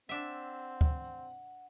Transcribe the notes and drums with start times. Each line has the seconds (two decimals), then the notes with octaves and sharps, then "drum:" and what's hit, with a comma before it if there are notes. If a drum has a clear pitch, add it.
0.09 C4 D4 E5 F#5
0.81 drum: kick D2